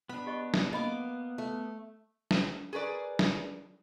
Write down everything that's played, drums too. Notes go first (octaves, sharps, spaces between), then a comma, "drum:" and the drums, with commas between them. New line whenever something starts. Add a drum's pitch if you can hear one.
B3 D4 B5
G4 D#5 C#6
drum: snare
A#3 B3 D#5 B5 D6
A3
drum: snare
G#4 A#4 B4 D5
drum: snare